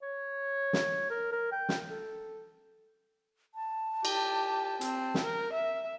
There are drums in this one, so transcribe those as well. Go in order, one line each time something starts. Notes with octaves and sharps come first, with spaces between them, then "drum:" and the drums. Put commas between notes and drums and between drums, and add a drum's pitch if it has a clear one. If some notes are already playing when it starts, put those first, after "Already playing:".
C#5
drum: snare
A#4
A#4
G5
drum: snare
A4
A5
G4, drum: cymbal
C4, drum: hi-hat
drum: snare
A#4
E5